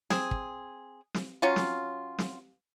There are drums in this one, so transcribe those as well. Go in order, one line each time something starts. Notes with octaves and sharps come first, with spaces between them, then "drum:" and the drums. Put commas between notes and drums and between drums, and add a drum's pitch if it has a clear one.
C4 G#4, drum: snare
drum: kick
drum: snare
F#3 C#4 F4
drum: snare
drum: snare